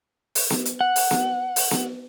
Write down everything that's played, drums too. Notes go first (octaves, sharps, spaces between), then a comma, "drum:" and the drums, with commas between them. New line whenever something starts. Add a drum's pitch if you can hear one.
drum: open hi-hat
drum: snare B3
drum: hi-hat
F#5
drum: open hi-hat
drum: snare B3
drum: open hi-hat
drum: snare B3